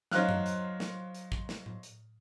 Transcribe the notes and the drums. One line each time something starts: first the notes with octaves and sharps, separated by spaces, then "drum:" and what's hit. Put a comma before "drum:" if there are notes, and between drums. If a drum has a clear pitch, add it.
F#3 D#4 C5 F5 F6 F#6, drum: snare
drum: tom F#2
drum: hi-hat
drum: snare
drum: hi-hat
drum: kick
drum: snare
drum: tom A2
drum: hi-hat